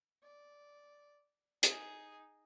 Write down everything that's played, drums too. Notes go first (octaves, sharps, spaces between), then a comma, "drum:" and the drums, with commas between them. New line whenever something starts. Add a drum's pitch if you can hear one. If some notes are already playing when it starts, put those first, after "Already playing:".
D5
D#4 G#4, drum: hi-hat